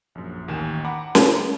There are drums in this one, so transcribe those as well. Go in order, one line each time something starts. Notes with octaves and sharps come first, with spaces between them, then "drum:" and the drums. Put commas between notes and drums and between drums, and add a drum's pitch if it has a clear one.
A#1 F#2
A1 D#2 D#3 G#5 E7
F#5 A#5 B5 D6
drum: snare